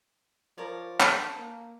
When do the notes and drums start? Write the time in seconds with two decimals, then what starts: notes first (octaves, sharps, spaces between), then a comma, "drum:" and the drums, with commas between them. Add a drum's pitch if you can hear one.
0.58 F3 A#4 C#5 D5
1.00 D4 A4, drum: clap
1.38 A#3